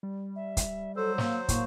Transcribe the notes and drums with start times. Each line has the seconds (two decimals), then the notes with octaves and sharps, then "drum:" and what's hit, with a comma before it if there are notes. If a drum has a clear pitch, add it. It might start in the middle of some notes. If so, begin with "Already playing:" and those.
0.03 G3
0.36 E5
0.57 drum: kick, hi-hat
0.96 F#3 A4 C5 E6
1.18 A#3, drum: snare
1.49 A2 A#3 C#6, drum: kick, hi-hat